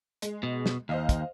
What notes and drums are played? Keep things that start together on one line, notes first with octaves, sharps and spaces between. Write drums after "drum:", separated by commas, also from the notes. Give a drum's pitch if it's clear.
G#3, drum: hi-hat
B2
drum: snare
D#2 C5 D#5 F5
drum: kick, hi-hat